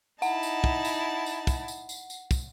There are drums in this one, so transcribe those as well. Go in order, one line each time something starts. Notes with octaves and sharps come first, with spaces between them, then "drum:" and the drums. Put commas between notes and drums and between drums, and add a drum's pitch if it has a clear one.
D#4 E4 F#5 A5, drum: tambourine
drum: tambourine
drum: kick
drum: tambourine
drum: tambourine
drum: kick, tambourine
drum: tambourine
drum: tambourine
drum: tambourine
drum: kick, tambourine